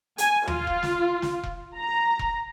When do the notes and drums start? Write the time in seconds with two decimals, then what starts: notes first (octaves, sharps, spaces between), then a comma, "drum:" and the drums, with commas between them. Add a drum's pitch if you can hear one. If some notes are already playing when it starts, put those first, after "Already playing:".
0.18 G#5, drum: hi-hat
0.47 F4, drum: tom D#2
0.67 drum: kick E1
0.83 drum: snare
1.22 drum: snare
1.44 drum: kick E1
1.77 A#5
2.19 drum: kick E1